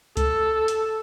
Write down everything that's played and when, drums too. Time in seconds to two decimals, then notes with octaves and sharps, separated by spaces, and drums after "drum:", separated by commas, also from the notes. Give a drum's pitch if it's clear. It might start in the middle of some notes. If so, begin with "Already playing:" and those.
0.17 A4, drum: kick C#2, hi-hat
0.68 drum: hi-hat